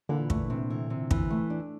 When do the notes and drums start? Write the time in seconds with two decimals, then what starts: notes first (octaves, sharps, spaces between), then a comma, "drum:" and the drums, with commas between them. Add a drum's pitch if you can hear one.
0.09 A#2 D3 E3
0.30 A3, drum: kick
0.50 C3
0.70 E3
0.90 C3
1.11 E3, drum: kick
1.30 A3
1.50 D4